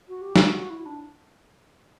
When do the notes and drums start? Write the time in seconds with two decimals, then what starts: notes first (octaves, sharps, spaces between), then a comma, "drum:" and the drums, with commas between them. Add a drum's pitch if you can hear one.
0.09 F#4
0.21 G4
0.36 F#4, drum: snare
0.70 E4
0.86 D4